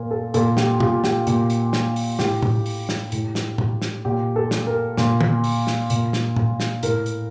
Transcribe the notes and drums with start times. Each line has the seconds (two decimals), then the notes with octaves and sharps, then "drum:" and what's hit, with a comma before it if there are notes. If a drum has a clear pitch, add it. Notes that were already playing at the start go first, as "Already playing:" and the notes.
Already playing: A#2 A#4
0.11 A4
0.34 A#2 A4, drum: hi-hat
0.57 G4, drum: snare
0.80 F4, drum: tom A#2
1.04 G4, drum: snare
1.27 A#2, drum: hi-hat
1.50 drum: hi-hat
1.73 drum: snare
1.96 drum: open hi-hat
2.19 A2 G4, drum: snare
2.43 drum: tom A2
2.66 drum: open hi-hat
2.89 drum: snare
3.12 A2, drum: hi-hat
3.35 drum: snare
3.58 drum: tom A2
3.82 drum: snare
4.05 A#2 G4
4.36 A4
4.51 drum: snare
4.67 A#4
4.97 A#2, drum: snare
5.21 drum: tom
5.44 drum: open hi-hat
5.67 drum: snare
5.90 A#2, drum: hi-hat
6.13 drum: snare
6.36 drum: tom A2
6.60 drum: snare
6.83 A2 A#4, drum: hi-hat
7.06 drum: hi-hat